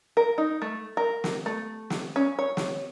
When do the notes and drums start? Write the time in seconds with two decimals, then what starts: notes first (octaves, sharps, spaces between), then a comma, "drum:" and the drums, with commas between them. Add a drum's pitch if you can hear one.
0.17 A#4
0.38 D#4
0.62 A3
0.97 A#4
1.24 drum: snare
1.46 A3
1.90 drum: snare
2.16 C#4
2.39 C#5
2.57 drum: snare